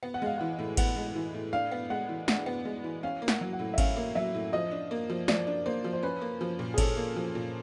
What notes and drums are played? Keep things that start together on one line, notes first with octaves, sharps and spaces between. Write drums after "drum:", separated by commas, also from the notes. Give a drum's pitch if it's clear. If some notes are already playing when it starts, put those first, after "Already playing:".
B3
F#5
G#3 F5
E3 F#5
A2
B3 F#5, drum: kick G#1, cymbal
G#3
E3
A2
D4 F5
B3
G#3 F#5
E3
D4 F#5, drum: snare
B3
G#3
E3
C#4 F5
A#3
F#5, drum: snare
F#3
F#5
A2
E5
C#4 F5, drum: kick G#1, cymbal
A#3
F#3 E5
A2
F3 D#5
D4
A#3
F3
F3 D5, drum: snare
D4
A#3 C5
F3
C5
C#4 B4
A#3
F3
A#2
G#4
C#4 A4, drum: kick G#1, cymbal
A#3
F3
A#2